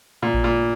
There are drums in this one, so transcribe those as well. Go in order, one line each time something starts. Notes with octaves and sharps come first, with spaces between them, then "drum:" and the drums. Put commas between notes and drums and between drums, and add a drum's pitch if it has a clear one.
A#2
drum: kick A1
A#2